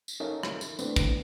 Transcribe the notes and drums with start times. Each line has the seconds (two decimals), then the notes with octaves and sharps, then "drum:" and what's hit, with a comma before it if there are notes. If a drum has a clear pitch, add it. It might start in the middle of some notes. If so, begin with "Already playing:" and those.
0.08 drum: tambourine
0.20 C#4 D#4 A4 A#4 E5 F5
0.43 drum: rim click
0.61 drum: tambourine
0.79 A3 B3 C4 D4 E4 B4, drum: tambourine
0.96 drum: kick, tambourine